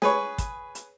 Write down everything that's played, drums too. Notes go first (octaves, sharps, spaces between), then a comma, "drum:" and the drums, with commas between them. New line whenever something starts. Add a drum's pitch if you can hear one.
G#4 B4 C#5, drum: snare
drum: kick, hi-hat
drum: hi-hat